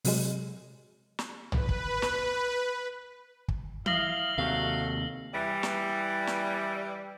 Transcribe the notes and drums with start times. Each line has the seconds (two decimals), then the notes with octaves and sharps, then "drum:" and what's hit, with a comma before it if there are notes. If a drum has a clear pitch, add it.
0.05 C3 F#3 G#3, drum: open hi-hat
1.19 drum: snare
1.52 B4, drum: tom
1.69 drum: kick
2.02 drum: snare
3.48 drum: kick
3.86 E4 D#5 F5 A#6 F#7 G7, drum: tom E3
4.38 D#2 C3 F#3 A3 F5
5.34 E3 G3
5.63 drum: snare
6.27 drum: snare